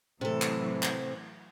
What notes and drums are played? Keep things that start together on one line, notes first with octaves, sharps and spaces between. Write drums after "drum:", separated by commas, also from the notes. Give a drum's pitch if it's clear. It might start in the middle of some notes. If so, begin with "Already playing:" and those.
A2 C3 E3 F#3 A4
drum: clap
drum: clap